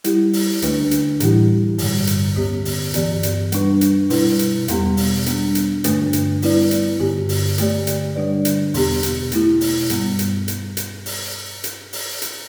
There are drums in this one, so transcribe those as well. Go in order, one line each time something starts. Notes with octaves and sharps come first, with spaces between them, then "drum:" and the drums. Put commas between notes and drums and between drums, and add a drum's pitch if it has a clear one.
G3 E4 G4, drum: hi-hat
drum: open hi-hat
D2 D3 A3 D4 B4, drum: hi-hat
drum: hi-hat
A2 E3 G3 E4 G4, drum: hi-hat
G2 D3 G3, drum: open hi-hat
drum: hi-hat
D2 D3 B3 G4
drum: open hi-hat
G2 E3 B3 G4 D5, drum: hi-hat
drum: hi-hat
G3 D4 B4, drum: hi-hat
drum: hi-hat
B2 G3 E4 B4, drum: open hi-hat
drum: hi-hat
E2 B2 G3 B3 G4, drum: hi-hat
drum: open hi-hat
G3 B3 D4, drum: hi-hat
drum: hi-hat
G2 D3 A3 D4 B4, drum: hi-hat
drum: hi-hat
G3 B3 E4 B4 D5, drum: open hi-hat
drum: hi-hat
G2 D3 B3 G4
drum: open hi-hat
D3 A3 G4 D5, drum: hi-hat
drum: hi-hat
D3 G3 D4 B4 D5
drum: hi-hat
E2 B2 B3 G4, drum: open hi-hat
drum: hi-hat
B2 A3 E4, drum: hi-hat
drum: open hi-hat
G2 G3 B3, drum: hi-hat
drum: hi-hat
drum: hi-hat
drum: hi-hat
drum: open hi-hat
drum: hi-hat
drum: open hi-hat
drum: hi-hat